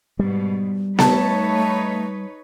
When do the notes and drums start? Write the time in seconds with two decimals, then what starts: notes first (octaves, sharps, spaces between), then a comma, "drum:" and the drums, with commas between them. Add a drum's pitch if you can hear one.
0.19 G#2 B2 G3
0.99 A3 D#4 B4 C#5 A5, drum: snare B3